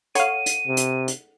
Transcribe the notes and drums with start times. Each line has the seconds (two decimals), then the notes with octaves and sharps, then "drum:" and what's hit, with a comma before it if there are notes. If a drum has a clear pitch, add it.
0.15 A4 C#5 F5 F#5 C#6 D#7, drum: hi-hat
0.46 drum: hi-hat
0.67 C3
0.77 drum: hi-hat
1.08 drum: hi-hat